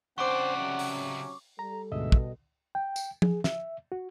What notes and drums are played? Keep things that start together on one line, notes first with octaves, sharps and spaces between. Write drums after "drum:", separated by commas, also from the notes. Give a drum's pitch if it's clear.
C#3 C4 D4 C5 D5 F#5 C#6 D6
C3 F#3 C#4
drum: open hi-hat
G3 A4 A#5
D2 G#2 B2 D#5 E5
drum: kick
G5
drum: tambourine
G#4, drum: tom
E5, drum: snare
F#4